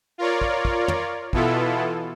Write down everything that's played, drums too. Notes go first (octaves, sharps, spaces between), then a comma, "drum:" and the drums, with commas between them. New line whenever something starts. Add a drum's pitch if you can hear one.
F4 A#4 C#5 D5
drum: kick
drum: kick
drum: tom
B2 E3 B3 E4 F4 A4, drum: kick